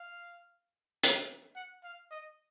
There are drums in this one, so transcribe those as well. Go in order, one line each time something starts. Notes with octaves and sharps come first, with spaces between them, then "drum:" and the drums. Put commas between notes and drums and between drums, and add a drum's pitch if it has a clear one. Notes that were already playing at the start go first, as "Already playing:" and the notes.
Already playing: F5
drum: hi-hat
F#5
F5
D#5